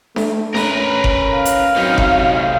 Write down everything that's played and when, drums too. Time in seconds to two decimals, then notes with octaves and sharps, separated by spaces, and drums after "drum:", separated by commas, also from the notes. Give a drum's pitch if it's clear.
0.16 A3, drum: snare D4
0.55 C#4 A#4 B4, drum: snare D4
1.04 drum: kick G1
1.36 F5
1.45 drum: hi-hat
1.76 C3 F#3 D#4
1.98 drum: kick G1